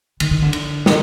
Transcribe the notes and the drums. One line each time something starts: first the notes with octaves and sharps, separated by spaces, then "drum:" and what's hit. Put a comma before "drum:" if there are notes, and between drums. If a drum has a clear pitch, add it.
D#3, drum: cymbal
D#3
D3
drum: cymbal
D#3, drum: snare